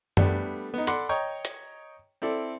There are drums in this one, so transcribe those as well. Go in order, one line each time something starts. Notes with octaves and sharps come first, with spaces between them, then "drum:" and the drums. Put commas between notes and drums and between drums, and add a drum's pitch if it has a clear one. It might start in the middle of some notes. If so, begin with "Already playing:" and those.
G3 A3 B3 D4, drum: tom F#2
B3 D#4
A4 D5 F#5 B5 C6 D6, drum: hi-hat
C#5 D#5 G5 A#5 C#6
drum: hi-hat
C4 E4 A4 D5